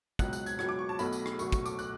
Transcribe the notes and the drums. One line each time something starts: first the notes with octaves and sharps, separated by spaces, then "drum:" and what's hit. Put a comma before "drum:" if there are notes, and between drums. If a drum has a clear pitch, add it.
C#2 B2 F#3 F#6, drum: kick, tambourine
F#6, drum: tambourine
G#6, drum: tambourine
C#2 B2 F#3 G#6, drum: rim click
D6
C#6
A5
B1 B2 A3 B5, drum: tambourine
drum: tambourine
drum: rim click
B1 B2 A3 C#6, drum: tambourine
C#6, drum: kick, tambourine
D6, drum: tambourine
F#6, drum: tambourine